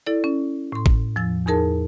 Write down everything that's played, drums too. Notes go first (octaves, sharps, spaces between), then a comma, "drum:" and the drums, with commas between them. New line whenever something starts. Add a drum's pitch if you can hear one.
E4 A4 D5
C#4
A2 C6
drum: kick
E2 F3 E6 A6
E2 D#4 G#4 A#4 A5